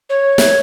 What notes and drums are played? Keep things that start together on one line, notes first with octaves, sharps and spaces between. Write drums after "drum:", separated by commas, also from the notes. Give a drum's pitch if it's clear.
C#5
drum: snare